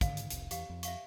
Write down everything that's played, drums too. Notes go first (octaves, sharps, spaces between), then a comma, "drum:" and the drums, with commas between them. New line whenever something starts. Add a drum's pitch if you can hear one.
G#2 D3 D#3 F5, drum: kick, hi-hat
drum: hi-hat
F1 C2, drum: hi-hat
E2 G4 F5, drum: hi-hat
F2
E5 F5 C#6, drum: hi-hat